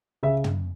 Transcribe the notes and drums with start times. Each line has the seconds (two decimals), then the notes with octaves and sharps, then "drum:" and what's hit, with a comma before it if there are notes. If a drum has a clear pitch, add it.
0.23 C#3 E5
0.44 drum: tom